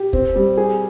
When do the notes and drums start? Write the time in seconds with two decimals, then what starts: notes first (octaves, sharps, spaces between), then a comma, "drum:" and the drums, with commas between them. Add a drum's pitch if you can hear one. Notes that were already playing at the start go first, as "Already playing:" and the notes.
Already playing: G4
0.13 C4, drum: kick
0.36 G3
0.57 G#4